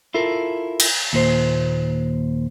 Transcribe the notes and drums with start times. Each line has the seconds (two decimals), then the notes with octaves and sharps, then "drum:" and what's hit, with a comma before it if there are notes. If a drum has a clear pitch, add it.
0.14 E4 F4 A4 A#4
0.80 drum: cymbal
1.13 D#2 A#2 C5